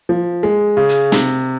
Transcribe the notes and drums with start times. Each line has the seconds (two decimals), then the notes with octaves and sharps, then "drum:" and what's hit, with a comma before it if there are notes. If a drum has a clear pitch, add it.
0.09 F3
0.43 G#3
0.77 C#3
0.89 drum: hi-hat
1.12 C3, drum: snare